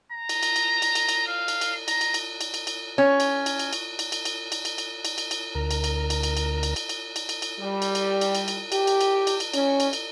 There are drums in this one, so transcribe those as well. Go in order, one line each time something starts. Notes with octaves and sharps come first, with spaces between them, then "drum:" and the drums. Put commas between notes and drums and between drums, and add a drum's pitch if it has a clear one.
A#5
drum: cymbal
drum: cymbal
drum: cymbal
drum: cymbal
drum: cymbal
drum: cymbal
F5
drum: cymbal
drum: cymbal
A#5, drum: cymbal
drum: cymbal
drum: cymbal
drum: cymbal
drum: cymbal
drum: cymbal
C#4
drum: cymbal
drum: cymbal
drum: cymbal
drum: cymbal
drum: cymbal
drum: cymbal
drum: cymbal
drum: cymbal
drum: cymbal
drum: cymbal
drum: cymbal
drum: cymbal
drum: cymbal
D2 A#4
drum: cymbal
drum: cymbal
drum: cymbal
drum: cymbal
drum: cymbal
drum: cymbal
drum: cymbal
drum: cymbal
drum: cymbal
drum: cymbal
drum: cymbal
G3
drum: cymbal
drum: cymbal
drum: cymbal
drum: cymbal
drum: cymbal
G4, drum: cymbal
drum: cymbal
drum: cymbal
drum: cymbal
drum: cymbal
C#4, drum: cymbal
drum: cymbal
drum: cymbal